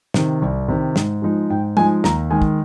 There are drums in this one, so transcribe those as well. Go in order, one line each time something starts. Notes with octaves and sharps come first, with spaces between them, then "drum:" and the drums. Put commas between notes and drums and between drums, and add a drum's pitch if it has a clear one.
C3 D#3, drum: snare
C2
C3 D#3
G#2, drum: snare
F3 G#3 D#4
G#2 G5
F3 G#3 D#4 G#5, drum: tom
D#2 A#5, drum: snare
D#3 G#3 G#5
drum: kick